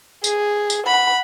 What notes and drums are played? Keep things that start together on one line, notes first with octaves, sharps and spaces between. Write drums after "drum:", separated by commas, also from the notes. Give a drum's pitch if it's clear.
G#4, drum: tambourine
drum: tambourine
F#5 B5